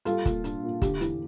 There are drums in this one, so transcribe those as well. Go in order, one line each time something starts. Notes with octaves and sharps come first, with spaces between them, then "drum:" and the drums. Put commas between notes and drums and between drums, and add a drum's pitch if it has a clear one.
G3 F4 A4, drum: hi-hat
A#2, drum: kick, hi-hat
D4, drum: hi-hat
A#2
D3 G4, drum: kick, hi-hat
E2, drum: hi-hat